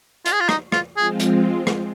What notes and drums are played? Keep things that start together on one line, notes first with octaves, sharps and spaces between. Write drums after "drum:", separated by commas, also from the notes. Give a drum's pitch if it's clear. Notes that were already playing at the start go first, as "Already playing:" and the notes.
F4, drum: hi-hat
G#4
F4
D#4, drum: rim click
F4, drum: rim click
F3 G#3 C4 F4 G#4
drum: hi-hat
drum: rim click